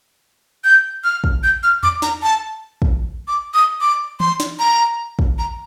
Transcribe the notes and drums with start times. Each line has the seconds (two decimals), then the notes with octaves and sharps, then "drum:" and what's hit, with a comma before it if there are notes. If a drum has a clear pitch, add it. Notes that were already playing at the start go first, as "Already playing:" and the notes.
0.64 G6
1.04 F6
1.24 drum: kick
1.43 G6
1.63 F6
1.83 D6, drum: tom E2
2.02 A#5, drum: snare
2.22 A5
2.82 drum: kick
3.28 D6
3.54 D#6
3.81 D6
4.20 C6, drum: tom E3
4.40 drum: snare
4.59 A#5
5.19 drum: kick
5.39 A#5